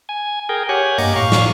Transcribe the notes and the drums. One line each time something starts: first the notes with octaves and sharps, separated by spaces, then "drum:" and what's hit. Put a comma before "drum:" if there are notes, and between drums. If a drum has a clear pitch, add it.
G#5
G#4 A#4 G5
G4 C#5 F#5 G#5
G2 A#3 D#5 D6, drum: open hi-hat
A2 F5 C#6
drum: snare